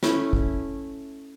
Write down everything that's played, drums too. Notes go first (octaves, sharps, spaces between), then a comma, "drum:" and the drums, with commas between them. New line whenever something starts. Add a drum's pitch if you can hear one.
A3 C#4 E4, drum: snare
drum: kick